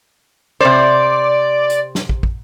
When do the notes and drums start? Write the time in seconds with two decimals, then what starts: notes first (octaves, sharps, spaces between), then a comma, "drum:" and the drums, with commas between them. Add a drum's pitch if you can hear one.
0.61 C3 C5 D5
1.70 drum: hi-hat
1.95 drum: snare
2.09 drum: kick
2.23 drum: kick